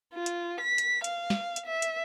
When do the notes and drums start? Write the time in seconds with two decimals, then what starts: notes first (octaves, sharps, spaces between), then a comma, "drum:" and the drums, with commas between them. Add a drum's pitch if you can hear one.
0.14 F4
0.26 drum: hi-hat
0.61 B6
0.78 drum: hi-hat
1.04 F5, drum: hi-hat
1.30 drum: snare
1.56 drum: hi-hat
1.66 E5
1.82 drum: hi-hat